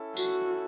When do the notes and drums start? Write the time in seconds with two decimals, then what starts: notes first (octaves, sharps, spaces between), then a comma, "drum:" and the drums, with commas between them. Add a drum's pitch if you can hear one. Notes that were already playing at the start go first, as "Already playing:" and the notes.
Already playing: C#4 E4 A4
0.17 F#4, drum: tambourine